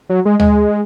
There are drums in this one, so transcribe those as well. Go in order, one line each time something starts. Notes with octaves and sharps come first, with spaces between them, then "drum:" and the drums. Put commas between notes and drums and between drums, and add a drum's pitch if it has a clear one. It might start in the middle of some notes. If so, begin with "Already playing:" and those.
F#3
G#3
G#3, drum: tom